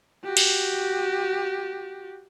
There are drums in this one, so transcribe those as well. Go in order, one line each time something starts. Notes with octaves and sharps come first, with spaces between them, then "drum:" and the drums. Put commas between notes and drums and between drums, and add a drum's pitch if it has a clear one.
F#4 G4
drum: cymbal